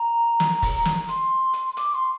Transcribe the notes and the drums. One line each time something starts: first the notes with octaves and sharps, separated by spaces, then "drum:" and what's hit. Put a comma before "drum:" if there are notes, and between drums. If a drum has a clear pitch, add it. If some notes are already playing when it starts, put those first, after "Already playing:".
Already playing: A#5
drum: snare
drum: kick, open hi-hat
drum: snare
C6, drum: hi-hat
drum: hi-hat
D6, drum: hi-hat
C6